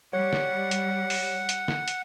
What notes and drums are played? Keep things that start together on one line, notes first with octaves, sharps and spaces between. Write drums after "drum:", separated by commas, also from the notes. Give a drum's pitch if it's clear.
G3 C#5 F#5
drum: snare
drum: hi-hat
drum: open hi-hat
drum: hi-hat
drum: snare
drum: hi-hat